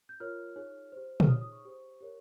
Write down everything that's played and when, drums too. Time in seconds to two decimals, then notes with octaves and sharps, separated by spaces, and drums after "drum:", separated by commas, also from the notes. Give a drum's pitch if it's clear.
0.09 G6
0.20 F4 A#4 C#5 F6
0.56 D#4 G#4 C#5
0.92 G4 C5
1.20 F6, drum: tom
1.28 D#4 G#4 C#5 D#6
1.41 D#6
1.52 C#6
1.65 G4 C5
2.01 G4 A#4 C#5